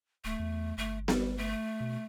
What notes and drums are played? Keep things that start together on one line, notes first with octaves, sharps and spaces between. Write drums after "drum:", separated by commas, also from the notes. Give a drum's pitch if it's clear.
D1 A3
E2
G1 A3
G3, drum: snare B3
A3
B2